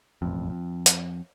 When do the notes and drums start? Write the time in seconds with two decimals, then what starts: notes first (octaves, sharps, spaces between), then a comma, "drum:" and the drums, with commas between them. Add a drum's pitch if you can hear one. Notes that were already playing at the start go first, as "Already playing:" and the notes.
0.22 E1 A1 F2
0.50 F2
0.86 drum: hi-hat